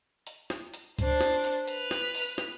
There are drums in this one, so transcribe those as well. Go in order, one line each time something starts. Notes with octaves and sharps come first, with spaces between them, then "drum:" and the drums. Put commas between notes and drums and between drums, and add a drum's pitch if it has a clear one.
drum: hi-hat
drum: snare
drum: hi-hat
D4 C5, drum: kick C#2, hi-hat
drum: snare
drum: hi-hat
B4 F7, drum: hi-hat
drum: snare
drum: open hi-hat
drum: snare